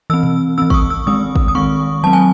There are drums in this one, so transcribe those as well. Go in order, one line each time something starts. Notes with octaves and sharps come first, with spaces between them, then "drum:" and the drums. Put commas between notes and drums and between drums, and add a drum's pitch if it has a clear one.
E3 C4 E6
drum: tom B2
E3 C4 E6
C#6, drum: kick
D#6
E6
D#3 G#3 C4 D#6
drum: kick
D#6
D#3 G#3 C4 C#6
F#3 C4 A5
G#5